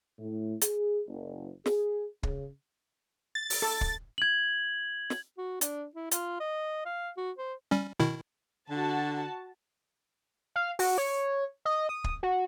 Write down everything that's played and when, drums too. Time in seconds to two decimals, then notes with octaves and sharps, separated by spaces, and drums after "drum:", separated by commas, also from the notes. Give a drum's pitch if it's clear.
0.19 A2
0.61 G#4, drum: hi-hat
1.08 F#1
1.66 G#4, drum: snare
2.23 C#3, drum: kick
3.35 A6
3.50 drum: open hi-hat
3.62 A4
3.81 drum: kick
4.18 G#6 F#7
5.10 drum: snare
5.38 F#4
5.61 D4, drum: hi-hat
5.95 E4
6.11 F4, drum: hi-hat
6.40 D#5
6.86 F5
7.17 F#4
7.38 C5
7.71 G3 C#4
7.99 B2 D#3 E4
8.70 D3 F#4 A5
10.56 F5
10.79 F#4, drum: open hi-hat
10.98 C#5
11.65 D#5
11.89 D#6
12.04 drum: kick
12.23 F#4